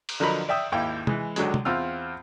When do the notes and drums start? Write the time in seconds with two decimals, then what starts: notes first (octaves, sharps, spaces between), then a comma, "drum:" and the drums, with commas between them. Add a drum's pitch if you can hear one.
0.09 drum: cymbal
0.20 D3 F3 F#3 A#4 D#5 B5
0.49 D5 E5 G5 D#6 E6
0.72 G#1 D#2 E4 F5 G5
1.07 E3 G#3, drum: tom
1.36 C#2 D3 F#3 G#3, drum: hi-hat
1.54 drum: tom
1.65 E2 C4 F4 E6 F6